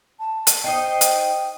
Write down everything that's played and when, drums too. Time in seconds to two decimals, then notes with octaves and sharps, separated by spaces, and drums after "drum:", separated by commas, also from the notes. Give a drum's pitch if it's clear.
0.20 A5
0.47 drum: hi-hat
0.64 D#4 C5 D#5 G5
1.01 drum: hi-hat